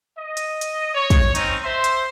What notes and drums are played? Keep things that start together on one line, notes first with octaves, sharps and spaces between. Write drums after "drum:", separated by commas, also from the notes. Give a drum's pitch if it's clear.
D#5
drum: hi-hat
drum: hi-hat
C#5
drum: kick, hi-hat
C4 C#4 D#4, drum: hi-hat
C5 E5 C6
drum: hi-hat